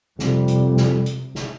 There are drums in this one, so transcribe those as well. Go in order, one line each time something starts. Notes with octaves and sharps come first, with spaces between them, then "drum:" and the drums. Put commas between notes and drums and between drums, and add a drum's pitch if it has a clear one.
F2 C3 G3, drum: snare
drum: hi-hat
drum: snare
drum: hi-hat
drum: snare